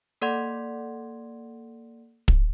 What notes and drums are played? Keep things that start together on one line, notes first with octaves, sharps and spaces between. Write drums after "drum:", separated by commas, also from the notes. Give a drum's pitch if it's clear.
A#3 A4 D5 F#5 C6 G#6
drum: kick